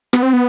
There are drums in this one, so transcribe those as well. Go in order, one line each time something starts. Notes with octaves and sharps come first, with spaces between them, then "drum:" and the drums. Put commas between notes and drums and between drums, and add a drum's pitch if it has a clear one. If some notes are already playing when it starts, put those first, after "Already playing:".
B3, drum: rim click
C4
B3